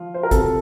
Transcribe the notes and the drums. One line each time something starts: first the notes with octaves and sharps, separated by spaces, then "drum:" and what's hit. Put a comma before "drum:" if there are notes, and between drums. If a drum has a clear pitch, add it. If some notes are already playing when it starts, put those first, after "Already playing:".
Already playing: F3 F4
C5
A#4
C3 A4, drum: kick, hi-hat